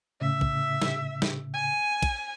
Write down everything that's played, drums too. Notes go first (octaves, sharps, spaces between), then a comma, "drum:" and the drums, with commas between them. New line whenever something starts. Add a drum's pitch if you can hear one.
A2 C#3 E5
drum: kick
drum: snare
drum: snare
G#5
drum: kick, cymbal